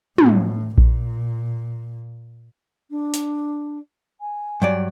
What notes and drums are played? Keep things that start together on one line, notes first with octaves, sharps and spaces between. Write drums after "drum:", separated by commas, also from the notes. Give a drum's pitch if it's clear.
A2, drum: tom
A#2, drum: kick A#1
D4
drum: hi-hat
G#5
G2 F#3 D5